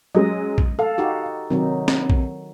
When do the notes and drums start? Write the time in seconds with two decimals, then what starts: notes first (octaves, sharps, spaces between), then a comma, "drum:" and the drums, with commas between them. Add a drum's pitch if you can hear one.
0.15 F#3 G#3 C#4 D#5
0.58 drum: kick A#1
0.79 A4 F5
0.98 D#4 F#4 G4
1.50 C3 D#3 F#3 D#4
1.88 drum: snare C4
2.10 drum: kick A#1